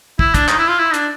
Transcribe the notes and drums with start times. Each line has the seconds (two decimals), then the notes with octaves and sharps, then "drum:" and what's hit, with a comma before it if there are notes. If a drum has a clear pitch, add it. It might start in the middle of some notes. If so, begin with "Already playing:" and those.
0.19 E4, drum: kick
0.34 D4, drum: kick, hi-hat
0.48 D#4, drum: clap
0.58 E4
0.69 F4
0.79 E4
0.94 D4, drum: hi-hat